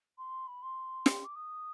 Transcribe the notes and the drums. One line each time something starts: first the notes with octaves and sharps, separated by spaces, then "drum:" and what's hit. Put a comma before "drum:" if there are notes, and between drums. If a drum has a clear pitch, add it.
C6
B5
C6
drum: snare
D6
D#6